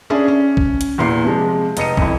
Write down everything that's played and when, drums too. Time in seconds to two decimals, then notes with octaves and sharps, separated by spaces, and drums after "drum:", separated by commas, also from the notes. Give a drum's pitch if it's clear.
0.10 C#4 D4 G#4 D5 E5
0.28 C#4
0.57 drum: kick
0.81 drum: hi-hat
0.98 E2 A#2 E4 C7
1.24 C3 F3 G#3
1.77 F1 D#5 C#7 D#7, drum: hi-hat
1.97 F2 E4, drum: kick